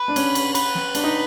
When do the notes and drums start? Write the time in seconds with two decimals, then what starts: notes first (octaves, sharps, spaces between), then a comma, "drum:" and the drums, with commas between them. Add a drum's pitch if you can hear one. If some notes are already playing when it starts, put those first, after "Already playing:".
Already playing: B4
0.08 D4
0.16 C#4, drum: cymbal
0.35 drum: cymbal
0.55 B4, drum: cymbal
0.75 drum: snare
0.95 D4, drum: cymbal
1.04 D#4